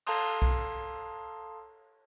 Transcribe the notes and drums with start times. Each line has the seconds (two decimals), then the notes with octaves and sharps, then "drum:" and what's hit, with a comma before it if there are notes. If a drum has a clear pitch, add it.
0.07 A4 F5 A5 A#5 C6 D#6, drum: cymbal
0.42 drum: kick B1